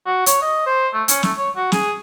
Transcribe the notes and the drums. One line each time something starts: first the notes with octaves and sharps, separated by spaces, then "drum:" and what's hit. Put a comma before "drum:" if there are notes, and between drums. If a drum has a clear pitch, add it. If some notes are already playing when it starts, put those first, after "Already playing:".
F#4
C#5, drum: hi-hat
D#5
C5
A3
C#4, drum: hi-hat
A3, drum: snare
C#5
F#4
G#4, drum: snare